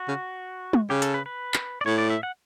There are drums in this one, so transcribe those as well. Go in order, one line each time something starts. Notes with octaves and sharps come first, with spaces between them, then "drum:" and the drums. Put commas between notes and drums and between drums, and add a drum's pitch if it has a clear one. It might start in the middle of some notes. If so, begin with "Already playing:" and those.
Already playing: F#4
C#3
drum: tom
C#3 G4
A4, drum: hi-hat
B4
B4
drum: clap
D5
A2 C#5
D5
E5
F#5